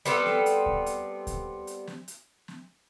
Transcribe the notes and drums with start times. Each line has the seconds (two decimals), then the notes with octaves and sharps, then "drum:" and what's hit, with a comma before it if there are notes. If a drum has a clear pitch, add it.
0.06 G3 B3 C4 A4, drum: hi-hat
0.26 drum: snare
0.46 drum: hi-hat
0.66 drum: kick D2
0.86 drum: hi-hat
1.27 drum: kick D2, hi-hat
1.67 drum: hi-hat
1.87 drum: snare
2.08 drum: hi-hat
2.48 drum: snare